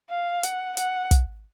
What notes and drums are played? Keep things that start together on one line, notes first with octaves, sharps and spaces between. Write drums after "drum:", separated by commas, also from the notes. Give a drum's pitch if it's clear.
F5
F#5, drum: hi-hat
F#5, drum: hi-hat
drum: kick, hi-hat